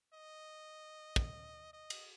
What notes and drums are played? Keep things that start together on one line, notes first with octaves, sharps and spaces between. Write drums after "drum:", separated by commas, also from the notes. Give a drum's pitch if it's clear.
D#5
drum: kick
D#5
drum: cymbal